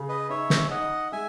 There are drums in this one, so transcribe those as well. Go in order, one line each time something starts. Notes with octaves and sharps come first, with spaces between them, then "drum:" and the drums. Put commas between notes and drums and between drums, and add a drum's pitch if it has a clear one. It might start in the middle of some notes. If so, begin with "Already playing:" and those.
Already playing: C#3
B4 D#5
D#4 C#5 E5
drum: snare
D#4 D#5 F#5
G#3 E5 G#5